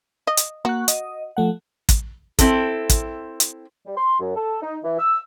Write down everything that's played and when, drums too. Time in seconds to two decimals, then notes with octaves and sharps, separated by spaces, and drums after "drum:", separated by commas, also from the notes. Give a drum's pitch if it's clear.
0.27 D#5
0.37 drum: hi-hat
0.65 A#3 F#4 C#6 F#6
0.88 D#5, drum: hi-hat
1.37 F3 A3 F#5
1.89 drum: kick, hi-hat
2.39 C4 E4 A4, drum: kick, hi-hat
2.89 drum: kick, hi-hat
3.40 drum: hi-hat
3.86 G3
3.97 C6
4.20 F#2
4.35 A4
4.62 D#4
4.84 E3
4.99 E6